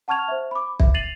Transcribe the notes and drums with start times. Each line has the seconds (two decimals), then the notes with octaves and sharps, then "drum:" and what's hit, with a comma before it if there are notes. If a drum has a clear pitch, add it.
0.08 F#5 A5 C#6 F6 G#6 F7
0.28 C5 E5
0.51 B5 D6
0.80 E5, drum: kick
0.94 A6 C7 D#7 F7 F#7